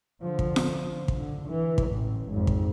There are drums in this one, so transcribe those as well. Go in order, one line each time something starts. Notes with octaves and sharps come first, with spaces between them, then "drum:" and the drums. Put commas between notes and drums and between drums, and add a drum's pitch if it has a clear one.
D3 F3
drum: kick
drum: snare F4
drum: kick
D3
E3
drum: kick
A1
G#1 F2
drum: kick